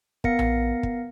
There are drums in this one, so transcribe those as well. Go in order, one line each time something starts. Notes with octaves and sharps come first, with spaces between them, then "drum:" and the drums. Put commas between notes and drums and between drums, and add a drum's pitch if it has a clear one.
B3 A#4 F5 A#6 C#7, drum: kick
drum: tom A#1
drum: kick